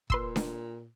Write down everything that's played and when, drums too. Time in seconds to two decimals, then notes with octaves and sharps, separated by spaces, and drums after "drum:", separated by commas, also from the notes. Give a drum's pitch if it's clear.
0.10 A#2 B4 C6 E6, drum: kick
0.36 drum: snare D4